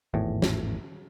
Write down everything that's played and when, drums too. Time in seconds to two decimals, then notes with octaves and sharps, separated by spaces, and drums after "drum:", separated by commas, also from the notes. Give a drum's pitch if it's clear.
0.14 G#1 E2 A2
0.42 drum: snare